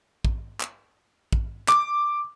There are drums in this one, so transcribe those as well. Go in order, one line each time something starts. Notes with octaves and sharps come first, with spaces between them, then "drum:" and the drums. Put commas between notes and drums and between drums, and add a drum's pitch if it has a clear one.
drum: kick
drum: clap
drum: kick
D6, drum: clap